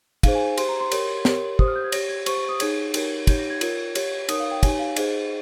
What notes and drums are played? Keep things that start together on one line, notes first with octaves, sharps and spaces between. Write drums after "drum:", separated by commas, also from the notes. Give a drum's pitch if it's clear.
D#4 G#4 C5 F5, drum: kick, cymbal
G#5
G4 C5 C6, drum: cymbal
A#5
C6
G4 A#4 C#5, drum: cymbal
G4 A#4 C#5, drum: snare
G4 C5 D#6, drum: kick
F6
G6
G#6
G4 C#5 A#6, drum: cymbal
G#6
G4 C5 C#6, drum: cymbal
C#6
D#6
D#4 G#4 C#5 G#6, drum: cymbal
D#4 G4 A#4 C#5, drum: cymbal
D#4 G4 C#5 G6, drum: kick, cymbal
A#6
G#6
F4 A#4 C#5, drum: cymbal
G4 C#5, drum: cymbal
D#4 A#4 C#5 D#6, drum: cymbal
F5
G5
D#4 G4 C#5 G#5, drum: kick, cymbal
F5
D#4 G#4 C5 D#5, drum: cymbal